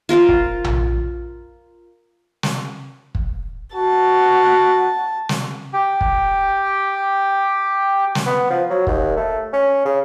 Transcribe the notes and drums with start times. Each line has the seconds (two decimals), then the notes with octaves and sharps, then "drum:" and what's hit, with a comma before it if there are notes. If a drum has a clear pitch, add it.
0.09 F4 A#4 C5 F5
0.29 drum: kick
0.64 drum: tom A#1
2.43 drum: snare
3.15 drum: kick
3.76 F#4 A5
5.29 drum: snare
5.73 G4 G5
6.01 drum: kick
8.15 drum: snare
8.26 B3
8.50 F3
8.70 F#3
8.87 D#2, drum: kick
9.17 A3
9.53 C#4
9.85 C#3